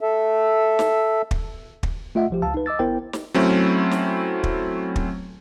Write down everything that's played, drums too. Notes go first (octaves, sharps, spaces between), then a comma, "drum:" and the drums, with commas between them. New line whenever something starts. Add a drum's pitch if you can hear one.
A4 E5
drum: snare
drum: kick
drum: kick
A3 F4 D#5 E5 F#5
A1 F3 G4
C#2 F5 A5 E6
D#4 B4
D#5 D6 E6 A6
G1 B3 E4 A#4 C5 G5
drum: snare
F#3 A3 C4 C#4 E4
drum: snare
drum: kick
drum: kick